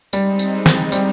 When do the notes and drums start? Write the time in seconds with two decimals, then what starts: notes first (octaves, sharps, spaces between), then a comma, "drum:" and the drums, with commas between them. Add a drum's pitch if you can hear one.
0.13 G3 G#3 C4 D#4, drum: tambourine
0.39 drum: tambourine
0.66 drum: snare
0.92 G3, drum: tambourine